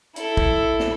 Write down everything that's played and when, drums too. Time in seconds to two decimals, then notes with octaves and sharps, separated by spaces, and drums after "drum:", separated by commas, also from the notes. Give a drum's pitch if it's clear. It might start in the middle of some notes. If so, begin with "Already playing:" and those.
0.16 E4 A4, drum: hi-hat
0.37 drum: kick
0.80 drum: snare